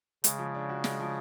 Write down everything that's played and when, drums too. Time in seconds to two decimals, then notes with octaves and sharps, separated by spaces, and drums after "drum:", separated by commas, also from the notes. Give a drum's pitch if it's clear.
0.24 C#3 G#3, drum: hi-hat
0.39 F3
0.55 D4
0.69 F#4
0.84 G#3, drum: snare
1.00 F3